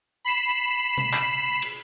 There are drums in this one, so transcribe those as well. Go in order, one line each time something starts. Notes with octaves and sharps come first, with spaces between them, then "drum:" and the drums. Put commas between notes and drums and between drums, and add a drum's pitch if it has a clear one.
B5 C7 E7
drum: tom B2
drum: clap
drum: cymbal